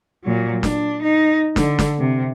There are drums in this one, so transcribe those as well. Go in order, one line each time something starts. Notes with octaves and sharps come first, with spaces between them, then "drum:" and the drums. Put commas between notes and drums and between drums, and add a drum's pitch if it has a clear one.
A#2 F#3
D4, drum: snare
D#4
D3, drum: snare
drum: snare
C3